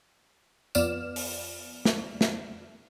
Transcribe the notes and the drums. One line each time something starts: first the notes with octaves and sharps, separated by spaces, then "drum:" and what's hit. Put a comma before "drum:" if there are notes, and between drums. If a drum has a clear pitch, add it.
F2 B3 F4 D5 F6 E7, drum: tambourine
drum: open hi-hat
drum: snare
drum: snare